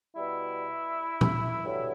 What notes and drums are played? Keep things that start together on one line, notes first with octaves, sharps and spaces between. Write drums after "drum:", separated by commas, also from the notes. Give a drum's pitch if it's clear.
B2 G3 E4
drum: tom A#2
G2 D3 F#3